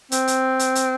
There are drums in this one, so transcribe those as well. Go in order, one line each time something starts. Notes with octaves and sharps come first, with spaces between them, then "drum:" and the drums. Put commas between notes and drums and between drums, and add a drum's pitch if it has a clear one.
C4, drum: hi-hat
drum: hi-hat
drum: hi-hat
drum: hi-hat